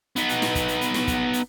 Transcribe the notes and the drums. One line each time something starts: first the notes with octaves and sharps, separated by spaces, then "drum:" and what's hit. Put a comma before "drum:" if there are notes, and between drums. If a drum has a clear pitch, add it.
B3 D#4, drum: hi-hat
drum: hi-hat
drum: snare
drum: kick, hi-hat
drum: hi-hat
drum: hi-hat
drum: snare
drum: kick, hi-hat
drum: hi-hat